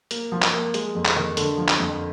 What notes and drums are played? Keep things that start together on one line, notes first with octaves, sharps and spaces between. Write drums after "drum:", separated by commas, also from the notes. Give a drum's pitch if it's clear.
A#3, drum: hi-hat
F3
drum: clap
A#3
G#3, drum: hi-hat
F2
drum: clap
D#3
D3, drum: hi-hat
F3
drum: clap
F2